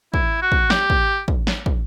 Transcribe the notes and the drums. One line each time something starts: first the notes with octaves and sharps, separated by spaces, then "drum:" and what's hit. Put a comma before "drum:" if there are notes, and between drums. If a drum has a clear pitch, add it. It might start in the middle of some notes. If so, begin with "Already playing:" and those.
E4, drum: kick
F#4
drum: kick
G4, drum: snare
drum: kick
drum: kick
drum: snare
drum: kick